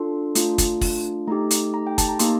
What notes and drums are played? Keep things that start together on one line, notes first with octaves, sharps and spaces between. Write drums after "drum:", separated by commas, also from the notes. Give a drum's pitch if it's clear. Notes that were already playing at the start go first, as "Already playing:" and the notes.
Already playing: D4 F4 A4 C6
A3 D4 F4, drum: hi-hat
drum: kick, hi-hat
drum: kick, open hi-hat
A3 D#4 G4 A#5
drum: hi-hat
A#5
G5
A5, drum: kick, hi-hat
A#5
A#3 D#4 G4 C6, drum: hi-hat